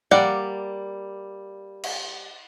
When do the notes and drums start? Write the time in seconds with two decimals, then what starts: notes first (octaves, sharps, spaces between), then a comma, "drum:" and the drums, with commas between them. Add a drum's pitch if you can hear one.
0.11 G3 A#3 D5 F#5, drum: tom
1.84 drum: cymbal